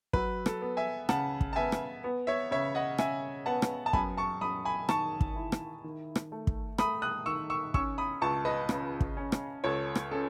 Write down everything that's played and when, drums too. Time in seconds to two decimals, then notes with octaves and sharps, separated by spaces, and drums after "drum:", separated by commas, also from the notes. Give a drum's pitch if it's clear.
0.13 F#3 B4, drum: kick
0.46 A4, drum: rim click
0.62 B3
0.77 E5 G#5
1.09 C#3 F#5 A5, drum: rim click
1.41 drum: kick
1.53 A5
1.56 B3 E5 G#5
1.72 drum: rim click
2.04 B3
2.27 C#5 E5
2.51 C#3 C#5 E5
2.75 D#5 F#5
2.98 C#3 E5 G#5, drum: rim click
3.46 B3 F#5 A5
3.62 drum: rim click
3.86 A5
3.93 F#2 G#5 B5, drum: kick
4.17 A5 C#6
4.41 F#2 B5 D#6
4.65 G#5 B5
4.89 D#3 A5 C#6, drum: rim click
5.21 drum: kick
5.36 E4
5.52 drum: rim click
5.84 D#3
6.16 drum: rim click
6.32 A3
6.47 drum: kick
6.78 A3 B5 D#6, drum: rim click
7.02 D#6 F#6
7.26 D#3 C#6 E6
7.50 C#6 E6
7.74 C#4 C#6 E6, drum: kick
7.98 B5 D#6
8.22 C#2 A5 C#6
8.45 B4 D#5
8.69 C#3, drum: rim click
9.01 drum: kick
9.17 C#4
9.32 drum: rim click
9.64 C#2 A4 C#5
9.96 drum: rim click
10.11 C#4 A4